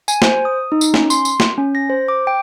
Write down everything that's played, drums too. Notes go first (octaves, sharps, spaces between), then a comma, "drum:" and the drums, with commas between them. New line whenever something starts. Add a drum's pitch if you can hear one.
G#5, drum: tambourine
C5, drum: snare
D#6
D#4
drum: tambourine
C#4, drum: snare
C6, drum: tambourine
drum: tambourine
drum: snare
C#4
A#6
C5
D6
G5